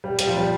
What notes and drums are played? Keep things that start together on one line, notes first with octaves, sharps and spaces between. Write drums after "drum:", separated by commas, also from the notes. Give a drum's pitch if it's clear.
G3
G3, drum: hi-hat
F3
G3